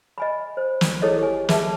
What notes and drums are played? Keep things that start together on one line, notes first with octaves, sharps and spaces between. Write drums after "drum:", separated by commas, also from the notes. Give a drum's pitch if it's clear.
D#5 G#5 B5
C5
drum: snare
E4 G#4 A4 C#5 D#5
G4 G#5
G#4 B4 E5 A5, drum: snare